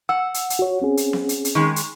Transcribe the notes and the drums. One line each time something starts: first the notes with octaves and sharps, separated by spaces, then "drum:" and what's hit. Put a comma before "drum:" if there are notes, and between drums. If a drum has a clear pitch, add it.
F#5 E6
drum: hi-hat
drum: hi-hat
F#4 C#5
C4 C#4 G#4
drum: hi-hat
drum: snare B3
drum: hi-hat
drum: hi-hat
D#3 G#3
drum: hi-hat